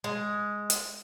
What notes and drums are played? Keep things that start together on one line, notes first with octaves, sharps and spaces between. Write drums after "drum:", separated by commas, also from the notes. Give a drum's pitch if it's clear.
G#3
drum: hi-hat